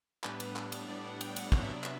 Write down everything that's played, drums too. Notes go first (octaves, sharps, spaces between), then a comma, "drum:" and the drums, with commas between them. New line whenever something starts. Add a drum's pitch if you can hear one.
A2 G3 B3 D4 B4, drum: clap
drum: cymbal
drum: clap
drum: cymbal
A2 G3 B3 D4 D5
F#5
G5, drum: cymbal
F#5, drum: cymbal
C3 F#3 B3 D4 F#5, drum: kick
E5
D5
E5, drum: clap